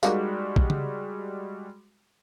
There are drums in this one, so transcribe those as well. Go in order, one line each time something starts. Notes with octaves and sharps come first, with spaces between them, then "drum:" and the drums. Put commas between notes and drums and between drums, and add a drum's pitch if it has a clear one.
G3 G#3 A#3 D#4 F#4 F5, drum: tambourine
drum: kick
drum: tom C#3